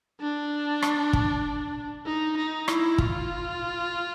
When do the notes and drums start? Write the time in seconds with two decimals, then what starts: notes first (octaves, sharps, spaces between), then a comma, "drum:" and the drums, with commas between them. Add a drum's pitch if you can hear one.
0.21 D4
0.82 drum: rim click
1.13 drum: kick
2.06 D#4
2.37 D#4
2.68 E4, drum: rim click
2.98 F4, drum: kick